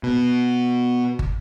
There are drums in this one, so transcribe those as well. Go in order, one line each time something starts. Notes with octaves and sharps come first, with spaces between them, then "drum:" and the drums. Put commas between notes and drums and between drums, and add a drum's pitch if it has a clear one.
B2
drum: kick